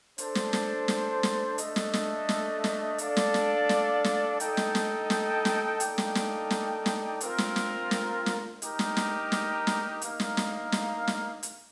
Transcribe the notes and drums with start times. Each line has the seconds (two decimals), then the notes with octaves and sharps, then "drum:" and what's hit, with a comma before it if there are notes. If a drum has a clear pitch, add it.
0.18 D4 A4 C5, drum: hi-hat
0.35 drum: snare
0.53 drum: snare
0.88 drum: snare
1.23 drum: snare
1.58 A3 D4 A4 D#5, drum: hi-hat
1.76 drum: snare
1.94 drum: snare
2.29 drum: snare
2.64 drum: snare
2.98 D4 A4 D5 F5, drum: hi-hat
3.17 drum: snare
3.34 drum: snare
3.69 drum: snare
4.04 drum: snare
4.40 D#4 A4 D#5 G5, drum: hi-hat
4.57 drum: snare
4.75 drum: snare
5.10 drum: snare
5.45 drum: snare
5.80 A#3 D#4 A4 D5 G5, drum: hi-hat
5.98 drum: snare
6.15 drum: snare
6.50 drum: snare
6.86 drum: snare
7.21 C4 F4 A#4, drum: hi-hat
7.38 drum: snare
7.56 drum: snare
7.91 drum: snare
8.26 drum: snare
8.62 D#4 G4 A#4, drum: hi-hat
8.79 drum: snare
8.97 drum: snare
9.32 drum: snare
9.67 drum: snare
10.02 A#3 D#4 A#4 F5, drum: hi-hat
10.20 drum: snare
10.37 drum: snare
10.72 drum: snare
11.07 drum: snare
11.43 drum: hi-hat